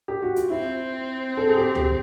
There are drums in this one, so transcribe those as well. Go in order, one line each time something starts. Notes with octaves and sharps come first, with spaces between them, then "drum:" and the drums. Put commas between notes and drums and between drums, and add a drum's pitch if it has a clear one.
G4
F#4
F4, drum: hi-hat
C4 E4
A4
G#4
G4
G4, drum: tom C#2